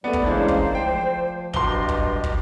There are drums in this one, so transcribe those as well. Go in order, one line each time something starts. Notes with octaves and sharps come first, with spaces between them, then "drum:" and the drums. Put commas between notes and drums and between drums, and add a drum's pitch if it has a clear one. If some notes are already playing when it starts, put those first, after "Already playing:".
G3 A3 B3 D5
drum: kick
C#3 E3 G#3 A#3 D4 C5
drum: kick
F3 G5
D1 G2 D#5 C6 D6 G7, drum: kick
drum: kick
drum: kick